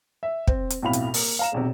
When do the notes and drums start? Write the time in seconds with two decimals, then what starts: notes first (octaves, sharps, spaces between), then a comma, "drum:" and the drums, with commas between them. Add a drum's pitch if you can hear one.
0.23 E5
0.48 C4, drum: kick
0.70 drum: hi-hat
0.82 B1 F2 A2 F5 B5 F7
0.93 drum: hi-hat
1.14 A#3, drum: open hi-hat
1.39 F5 A#5 E7
1.52 E1 B1 C3